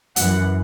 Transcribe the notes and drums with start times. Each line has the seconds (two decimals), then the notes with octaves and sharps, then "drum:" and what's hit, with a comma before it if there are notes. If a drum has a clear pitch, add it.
0.16 F#2 E3 F#5, drum: hi-hat